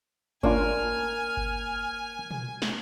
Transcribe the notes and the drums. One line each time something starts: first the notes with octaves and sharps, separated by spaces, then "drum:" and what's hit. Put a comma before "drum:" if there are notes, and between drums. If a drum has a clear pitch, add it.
A#3 C#4 D4 F4 G#5 F6, drum: kick G1
drum: kick G1
drum: tom
drum: snare